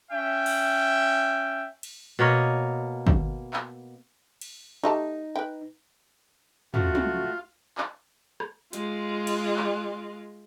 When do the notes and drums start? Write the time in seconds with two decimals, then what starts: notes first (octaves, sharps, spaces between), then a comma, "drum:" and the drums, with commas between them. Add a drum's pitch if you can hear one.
0.11 C#4 E5 G5
0.46 drum: cymbal
1.83 drum: cymbal
2.19 B2 A#3 C#5 D#5
3.07 drum: kick G#1
3.53 drum: clap
4.41 drum: cymbal
4.84 A3 D#4 G4 A5
5.36 B4 G5
6.74 C#3 F#3 A3 F4 F#4, drum: tom
6.95 drum: tom
7.78 drum: clap
8.40 drum: rim click
8.73 G#3 F4, drum: hi-hat
9.27 drum: cymbal
9.57 drum: clap